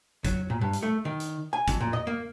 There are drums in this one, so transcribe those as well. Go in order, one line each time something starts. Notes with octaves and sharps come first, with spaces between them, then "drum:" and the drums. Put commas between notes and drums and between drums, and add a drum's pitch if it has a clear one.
F#3, drum: kick, hi-hat
A#2
G2
drum: hi-hat
A3
D#3
drum: hi-hat
G#5
F2, drum: kick, hi-hat
A#2
D#5
A#3